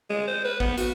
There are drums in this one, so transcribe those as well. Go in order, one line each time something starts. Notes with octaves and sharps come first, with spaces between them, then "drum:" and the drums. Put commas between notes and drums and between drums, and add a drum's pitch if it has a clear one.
G#3
C5
B4
B3, drum: kick A1
F#4, drum: hi-hat